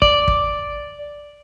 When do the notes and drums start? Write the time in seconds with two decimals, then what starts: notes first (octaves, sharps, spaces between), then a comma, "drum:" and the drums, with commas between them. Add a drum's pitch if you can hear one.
0.02 D5, drum: kick
0.28 drum: kick